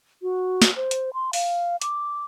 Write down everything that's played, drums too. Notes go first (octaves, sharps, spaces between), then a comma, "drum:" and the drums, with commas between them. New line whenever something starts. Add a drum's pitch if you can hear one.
F#4
drum: snare
C5
drum: hi-hat
C6
F5, drum: open hi-hat
D6, drum: hi-hat